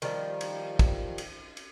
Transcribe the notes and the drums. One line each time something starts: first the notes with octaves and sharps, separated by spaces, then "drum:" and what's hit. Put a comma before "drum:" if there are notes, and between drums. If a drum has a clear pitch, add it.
D#3 F3 G3, drum: cymbal
drum: cymbal
drum: kick, cymbal
drum: cymbal
drum: cymbal